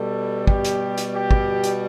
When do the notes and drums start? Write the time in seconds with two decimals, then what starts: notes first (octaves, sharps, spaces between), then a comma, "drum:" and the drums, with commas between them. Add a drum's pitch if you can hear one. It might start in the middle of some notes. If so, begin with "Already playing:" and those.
Already playing: B2 G3 A4
0.47 G4, drum: kick
0.65 drum: hi-hat
0.98 drum: hi-hat
1.15 G4
1.31 drum: kick
1.64 drum: hi-hat